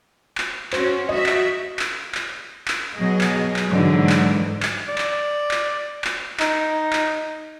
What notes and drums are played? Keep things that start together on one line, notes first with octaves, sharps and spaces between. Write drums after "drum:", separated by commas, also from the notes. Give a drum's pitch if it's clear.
drum: clap
C#4 F#4 C5, drum: clap
F#4 D#5 E5
drum: clap
drum: clap
drum: clap
drum: clap
B2 F#3 G#4 D#5
drum: clap
drum: clap
G#2 D3 E3 F#3
drum: clap
drum: clap
D5
drum: clap
drum: clap
drum: clap
D#4, drum: clap
drum: clap